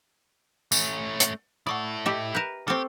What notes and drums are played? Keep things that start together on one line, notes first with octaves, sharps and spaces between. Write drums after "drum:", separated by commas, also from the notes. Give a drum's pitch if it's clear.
A3 C#4, drum: tambourine
drum: hi-hat
E4 A4 D5 F#5 C#6 D#6
G4 D#5 E5 B5
A#4 B4 A#5 F#6 G6
C4 G4 A4 C#6 D6 F6